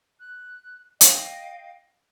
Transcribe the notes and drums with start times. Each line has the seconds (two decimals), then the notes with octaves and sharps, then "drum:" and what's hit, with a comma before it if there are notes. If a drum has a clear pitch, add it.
0.20 F#6
1.01 D#5 F5 G5, drum: hi-hat